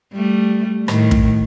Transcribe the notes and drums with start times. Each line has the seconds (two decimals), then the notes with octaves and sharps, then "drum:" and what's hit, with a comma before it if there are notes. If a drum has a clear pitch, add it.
0.13 G3 A3
0.88 A2 D#3, drum: rim click
1.11 drum: kick